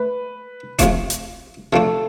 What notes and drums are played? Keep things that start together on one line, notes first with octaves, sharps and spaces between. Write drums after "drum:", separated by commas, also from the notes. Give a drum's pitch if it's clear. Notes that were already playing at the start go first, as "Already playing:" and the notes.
Already playing: A3 B4
C3 F3 A3 D4, drum: kick D#1, hi-hat
drum: hi-hat
C3 F3 A3 D4 A4